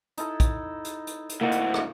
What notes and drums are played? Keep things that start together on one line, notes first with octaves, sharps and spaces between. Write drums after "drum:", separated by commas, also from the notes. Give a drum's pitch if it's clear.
D#4 E4 A4, drum: hi-hat
drum: kick, hi-hat
drum: hi-hat
drum: hi-hat
drum: hi-hat
D2 A2 A#3 D#5 F#5
drum: hi-hat
drum: rim click